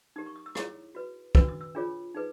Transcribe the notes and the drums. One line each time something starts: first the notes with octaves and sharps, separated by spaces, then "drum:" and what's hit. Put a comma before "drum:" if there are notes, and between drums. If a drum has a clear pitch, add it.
D#4 G4 A#4 D#6
C#6
D#6
E6
E4 G#4 C#5, drum: rim click
F#4 B4
D4 F#4 B4 E6, drum: kick
D#6
E6
D4 F4 G#4 C#5
D#4 G#4 B4